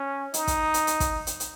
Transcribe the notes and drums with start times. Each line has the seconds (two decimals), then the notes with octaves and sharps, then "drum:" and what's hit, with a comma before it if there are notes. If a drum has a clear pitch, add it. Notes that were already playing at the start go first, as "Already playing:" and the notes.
Already playing: C#4
0.34 D#4, drum: hi-hat
0.47 drum: kick, hi-hat
0.74 drum: hi-hat
0.87 drum: hi-hat
1.00 drum: kick, hi-hat
1.27 drum: hi-hat
1.40 drum: hi-hat